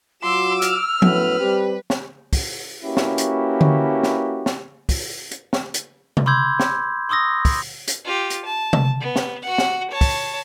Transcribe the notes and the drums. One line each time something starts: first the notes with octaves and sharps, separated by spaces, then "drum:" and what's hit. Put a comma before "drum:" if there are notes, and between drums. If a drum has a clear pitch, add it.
F#3 F4 F#4 C6 D6 E6 E7
F6, drum: hi-hat
F#2 A2 B3 B4, drum: tom F3
G3 C4 G4
drum: snare
drum: kick, open hi-hat
A#3 C#4 E4 F#4 G4 B4
drum: snare
drum: hi-hat
drum: tom D3
drum: snare
drum: snare
drum: kick, open hi-hat
drum: hi-hat
drum: snare
drum: hi-hat
drum: tom C3
B5 C6 D6 E6 G6 G#6
drum: snare
C6 C#6 D#6 E6 A#6
drum: kick, open hi-hat
drum: hi-hat
F4 G4
drum: hi-hat
A5
drum: tom C3
B3
drum: snare
F#4 F#5
drum: snare
C#5 A5
drum: kick, open hi-hat